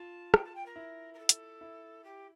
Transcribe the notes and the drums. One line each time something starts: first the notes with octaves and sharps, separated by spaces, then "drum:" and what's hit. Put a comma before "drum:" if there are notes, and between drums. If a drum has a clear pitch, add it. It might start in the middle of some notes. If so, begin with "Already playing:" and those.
Already playing: F4 A5
G5, drum: rim click
A5
G5
A#4
E4
A#4
A4
drum: hi-hat
E4
G4